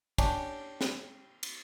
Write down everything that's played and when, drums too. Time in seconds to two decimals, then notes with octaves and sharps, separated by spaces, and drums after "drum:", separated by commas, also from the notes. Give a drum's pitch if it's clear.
0.18 C#4 D4 G4, drum: kick, cymbal
0.81 drum: snare
1.43 drum: cymbal